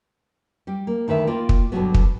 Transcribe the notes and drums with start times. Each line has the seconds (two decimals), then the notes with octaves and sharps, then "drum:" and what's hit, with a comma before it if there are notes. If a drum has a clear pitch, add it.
0.67 G3 G4
0.87 A#3
1.08 D2 D#3 B4 E5
1.27 A#3 F4 D5 G5
1.49 drum: kick
1.72 G2 B2 D3 F3 F#3 B3
1.94 drum: kick